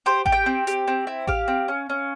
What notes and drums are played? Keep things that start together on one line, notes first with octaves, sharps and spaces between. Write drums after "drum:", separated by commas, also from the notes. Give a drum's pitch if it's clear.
G4 C5
G4, drum: kick A1
G5
C4
G4, drum: hi-hat
C4
E4
G4 F5, drum: kick A1
C4
C#4
C#4